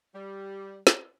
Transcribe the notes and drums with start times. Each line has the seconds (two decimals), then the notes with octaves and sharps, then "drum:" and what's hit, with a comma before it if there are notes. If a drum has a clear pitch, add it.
0.15 G3
0.87 drum: snare